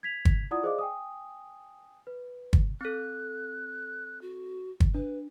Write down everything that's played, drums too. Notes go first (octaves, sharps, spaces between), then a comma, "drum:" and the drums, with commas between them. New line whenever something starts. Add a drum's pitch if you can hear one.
G#6 B6 F7
drum: kick
E4 F4 D5 F#5 D#6
G#4 C5 D5 D#5 F5 D6
G5 G#5 D#6
B4
drum: kick
C4 A4 F#6
F#4
drum: kick
D4 B4